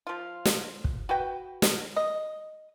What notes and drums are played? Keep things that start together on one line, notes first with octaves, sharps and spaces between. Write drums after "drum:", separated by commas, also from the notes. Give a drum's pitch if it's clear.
F3 F4
drum: snare
drum: kick
F#4 B4 G5
drum: snare
D#5